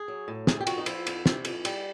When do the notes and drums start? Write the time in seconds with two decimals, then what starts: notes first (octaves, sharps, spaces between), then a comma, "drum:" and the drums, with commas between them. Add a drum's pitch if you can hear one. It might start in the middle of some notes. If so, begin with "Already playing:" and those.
Already playing: G#4
0.08 F#3
0.28 A2
0.47 C3 G#4, drum: snare
0.61 G4
0.67 F2 F#4, drum: cymbal
0.78 D#4
0.86 F3 E4, drum: cymbal
1.07 F2, drum: cymbal
1.26 C3, drum: snare
1.45 F2, drum: cymbal
1.65 G3, drum: cymbal